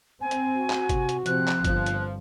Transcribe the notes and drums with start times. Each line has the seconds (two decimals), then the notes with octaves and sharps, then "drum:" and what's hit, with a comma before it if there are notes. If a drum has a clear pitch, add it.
0.21 C4 G#5
0.31 drum: hi-hat
0.56 F#4
0.70 drum: clap
0.89 C3, drum: kick, hi-hat
1.09 drum: hi-hat
1.26 C3 F3 C4 F#6, drum: hi-hat
1.48 drum: clap
1.65 G1 F3, drum: kick, hi-hat
1.86 drum: hi-hat